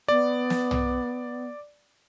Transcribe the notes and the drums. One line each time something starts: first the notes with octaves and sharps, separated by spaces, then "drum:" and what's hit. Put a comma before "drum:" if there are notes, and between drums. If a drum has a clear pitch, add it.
B3 D5
drum: snare
drum: tom